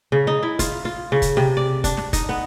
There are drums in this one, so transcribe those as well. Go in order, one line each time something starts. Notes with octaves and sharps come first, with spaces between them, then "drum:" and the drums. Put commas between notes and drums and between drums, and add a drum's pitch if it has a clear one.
C#3
D#4
E4
F4, drum: kick F#1, hi-hat
F4
C#3
drum: kick F#1, hi-hat
C3
D5
D4, drum: kick F#1, hi-hat
drum: snare
D#4, drum: kick F#1, hi-hat
B3